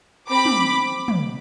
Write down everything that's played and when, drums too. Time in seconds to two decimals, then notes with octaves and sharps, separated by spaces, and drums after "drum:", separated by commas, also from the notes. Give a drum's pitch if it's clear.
0.30 C4 G4 B5 D6
0.45 drum: tom
1.08 drum: tom